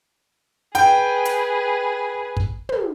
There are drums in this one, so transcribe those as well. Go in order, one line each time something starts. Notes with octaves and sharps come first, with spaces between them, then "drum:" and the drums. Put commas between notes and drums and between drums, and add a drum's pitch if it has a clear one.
G#4 B4 G5, drum: hi-hat
drum: hi-hat
drum: kick
drum: tom